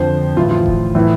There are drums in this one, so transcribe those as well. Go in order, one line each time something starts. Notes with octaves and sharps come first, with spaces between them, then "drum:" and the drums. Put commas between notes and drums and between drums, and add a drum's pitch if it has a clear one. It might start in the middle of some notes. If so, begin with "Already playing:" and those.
Already playing: F2 D3 F3 C5
A2 E3 F4
F4
drum: kick F1
A2 E3